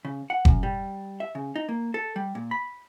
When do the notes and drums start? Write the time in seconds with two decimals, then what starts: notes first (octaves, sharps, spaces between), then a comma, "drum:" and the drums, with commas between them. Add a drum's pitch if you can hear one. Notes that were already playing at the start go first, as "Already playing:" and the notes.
0.05 C#3
0.30 F#5
0.45 F#2, drum: kick F#1
0.63 G3
1.20 E5
1.35 C#3
1.56 D#4
1.69 A#3
1.94 A4
2.16 G3
2.35 A#2
2.51 B5